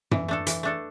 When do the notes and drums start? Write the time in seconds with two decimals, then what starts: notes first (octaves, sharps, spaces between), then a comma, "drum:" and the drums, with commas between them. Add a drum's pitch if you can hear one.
0.11 E3, drum: tom
0.28 A3 D4 A4
0.47 E3, drum: hi-hat
0.63 A3 D4 A4